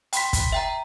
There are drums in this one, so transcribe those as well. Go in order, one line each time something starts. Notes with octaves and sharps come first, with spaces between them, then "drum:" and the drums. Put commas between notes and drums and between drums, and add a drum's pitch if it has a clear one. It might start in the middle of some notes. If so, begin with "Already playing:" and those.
G5 B5 C6 B6, drum: hi-hat
drum: kick, hi-hat
E5 G5 A#5